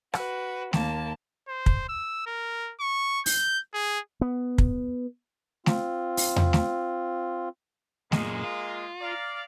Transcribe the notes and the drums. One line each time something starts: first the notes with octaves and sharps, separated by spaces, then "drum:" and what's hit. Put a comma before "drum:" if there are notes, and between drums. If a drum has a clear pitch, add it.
F#4 B4, drum: rim click
D#2 A#3 A5, drum: snare A3
C5
drum: kick
E6
A#4
C#6
G6, drum: open hi-hat
G#4
B3
drum: kick
C4 F4, drum: snare A3
drum: open hi-hat
drum: tom E2
drum: snare A3
F#2 A#2 G#3 A#3, drum: snare A3
F4
D5 F5 A#5